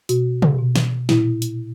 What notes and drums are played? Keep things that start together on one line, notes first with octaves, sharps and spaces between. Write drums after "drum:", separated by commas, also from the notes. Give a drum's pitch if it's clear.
B2 F#4, drum: hi-hat
drum: tom C3
B2
drum: snare
A#2 E4, drum: snare
drum: hi-hat